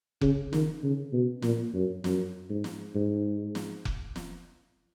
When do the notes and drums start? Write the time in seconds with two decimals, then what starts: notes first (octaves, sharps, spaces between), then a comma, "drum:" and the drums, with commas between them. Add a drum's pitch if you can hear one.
0.21 C#3, drum: kick F1
0.53 D#3, drum: snare
0.83 C#3
1.13 B2
1.42 A#2, drum: snare
1.74 F#2
2.04 F#2, drum: snare
2.49 G#2
2.64 drum: snare
2.95 G#2
3.55 drum: snare
3.85 drum: kick F1
4.16 drum: snare